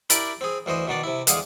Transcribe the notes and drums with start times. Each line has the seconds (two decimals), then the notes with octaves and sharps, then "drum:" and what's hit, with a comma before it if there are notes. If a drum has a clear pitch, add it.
0.10 D4 E4 G4 A#4 D5 B5, drum: hi-hat
0.41 C4 G#4
0.66 D2 E3 C5 D#5 C6
0.88 B2 D#3 D4 D5
1.03 C3 E4
1.27 E2 D3 G#3 G#4 F5, drum: hi-hat